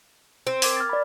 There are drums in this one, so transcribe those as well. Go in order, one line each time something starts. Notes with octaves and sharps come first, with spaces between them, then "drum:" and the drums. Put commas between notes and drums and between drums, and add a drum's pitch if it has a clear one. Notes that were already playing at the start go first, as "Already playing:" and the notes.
C4
A#4 D6 G#6, drum: open hi-hat
F6 A6
D5 B5